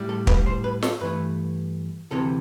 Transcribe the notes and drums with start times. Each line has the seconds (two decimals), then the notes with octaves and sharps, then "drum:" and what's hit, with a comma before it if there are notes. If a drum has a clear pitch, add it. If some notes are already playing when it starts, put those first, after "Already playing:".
Already playing: A2 G3
0.09 A4
0.27 B4, drum: kick
0.46 C5
0.64 B4
0.82 A4, drum: snare
1.01 G2 E3 A3 B4
2.11 D2 C3 E3 A4